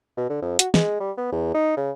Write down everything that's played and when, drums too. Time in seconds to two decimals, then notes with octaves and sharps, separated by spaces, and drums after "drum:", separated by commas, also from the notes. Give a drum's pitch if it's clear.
0.17 B2
0.30 D3
0.42 F2
0.59 F#4, drum: hi-hat
0.74 G#3, drum: snare
1.00 G3
1.18 B3
1.32 E2
1.54 D#4
1.77 C#3